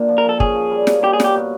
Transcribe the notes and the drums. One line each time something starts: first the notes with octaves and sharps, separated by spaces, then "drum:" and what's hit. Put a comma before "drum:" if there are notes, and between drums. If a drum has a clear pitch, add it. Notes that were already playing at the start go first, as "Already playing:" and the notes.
Already playing: A#2 D3 A#3 D4
F3
A#4
F3 A4
C#4 G#4, drum: kick
F3
G3
A#3, drum: snare
G3 G4
G#4
A#3 G4, drum: snare
B2